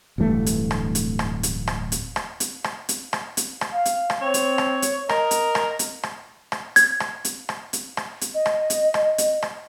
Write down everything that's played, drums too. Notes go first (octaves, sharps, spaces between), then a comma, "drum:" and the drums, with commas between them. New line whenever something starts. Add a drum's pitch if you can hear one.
D1 G2 E3 A3
drum: hi-hat
drum: rim click
drum: hi-hat
drum: rim click
drum: hi-hat
drum: rim click
drum: hi-hat
drum: rim click
drum: hi-hat
drum: rim click
drum: hi-hat
drum: rim click
drum: hi-hat
drum: rim click
F5
drum: hi-hat
drum: rim click
C4 C#5
drum: hi-hat
drum: rim click
drum: hi-hat
A#4 D#5, drum: rim click
drum: hi-hat
drum: rim click
drum: hi-hat
drum: rim click
drum: rim click
G#6, drum: hi-hat
drum: rim click
drum: hi-hat
drum: rim click
drum: hi-hat
drum: rim click
drum: hi-hat
D#5
drum: rim click
drum: hi-hat
drum: rim click
drum: hi-hat
drum: rim click